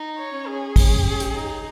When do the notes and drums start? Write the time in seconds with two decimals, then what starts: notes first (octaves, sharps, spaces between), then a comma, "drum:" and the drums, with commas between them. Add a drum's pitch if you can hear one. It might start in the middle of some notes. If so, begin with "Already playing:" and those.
Already playing: D#4
0.18 C#5
0.32 C#4
0.47 G#4
0.76 C#4, drum: kick, open hi-hat
1.05 C#4
1.20 drum: hi-hat
1.35 D#4